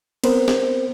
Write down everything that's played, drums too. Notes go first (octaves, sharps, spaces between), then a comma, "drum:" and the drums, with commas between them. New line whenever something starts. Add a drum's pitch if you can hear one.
B3 C4 A#4 C5, drum: cymbal
drum: snare